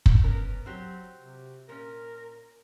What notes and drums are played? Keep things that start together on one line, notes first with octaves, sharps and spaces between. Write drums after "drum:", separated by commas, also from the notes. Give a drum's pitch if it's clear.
drum: kick
B3 C#4 A#4
F#3 C4 F#4 G4
C3
A#2 C#4 A#4